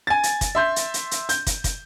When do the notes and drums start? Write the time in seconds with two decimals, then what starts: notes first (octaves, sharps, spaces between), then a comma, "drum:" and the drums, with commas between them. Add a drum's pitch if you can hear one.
0.07 G#5 A6
0.23 drum: hi-hat
0.41 drum: kick, hi-hat
0.55 E5 C6 G6
0.76 drum: hi-hat
0.94 drum: hi-hat
1.11 drum: hi-hat
1.29 G6, drum: hi-hat
1.47 drum: kick, hi-hat
1.64 drum: kick, hi-hat